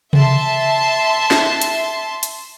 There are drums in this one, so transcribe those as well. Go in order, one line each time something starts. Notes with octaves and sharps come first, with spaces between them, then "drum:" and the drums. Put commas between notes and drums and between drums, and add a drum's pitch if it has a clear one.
E5 A5 C6, drum: tom C3
drum: snare
drum: hi-hat
drum: hi-hat